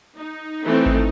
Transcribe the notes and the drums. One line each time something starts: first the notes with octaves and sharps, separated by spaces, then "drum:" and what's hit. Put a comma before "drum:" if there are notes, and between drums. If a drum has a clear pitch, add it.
D#4
E3 A3 C4
drum: kick G#1